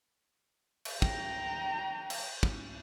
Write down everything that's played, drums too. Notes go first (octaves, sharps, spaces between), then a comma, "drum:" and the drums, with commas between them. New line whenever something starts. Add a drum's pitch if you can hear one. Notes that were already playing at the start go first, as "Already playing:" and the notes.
drum: cymbal
G5 A#5, drum: kick
drum: cymbal
drum: kick